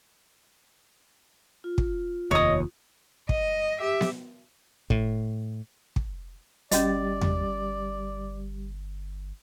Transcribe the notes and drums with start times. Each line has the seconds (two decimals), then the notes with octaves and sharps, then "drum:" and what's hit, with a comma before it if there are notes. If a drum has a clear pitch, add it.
1.64 F4
1.78 drum: kick
2.31 F1 D#2 C#5 D#5 D#6
3.29 D#5, drum: kick
3.78 G4 E5
4.01 drum: snare B3
4.90 A2, drum: kick
5.96 drum: kick
6.71 G1 G3 C#4 F#4 G4 D5 D#5 A6, drum: hi-hat
7.21 drum: tom E2